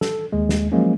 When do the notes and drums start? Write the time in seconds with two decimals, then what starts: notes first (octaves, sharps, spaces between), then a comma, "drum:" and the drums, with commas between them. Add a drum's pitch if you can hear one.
0.01 A4, drum: snare
0.33 D#2 G#3
0.49 drum: snare
0.72 F3 F#3 G#3 A#3 C#4